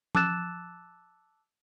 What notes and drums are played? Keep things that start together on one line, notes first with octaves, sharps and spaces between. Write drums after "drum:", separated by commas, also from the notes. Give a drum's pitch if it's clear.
A5 D6 E6 F#6 A6 E7, drum: tom F3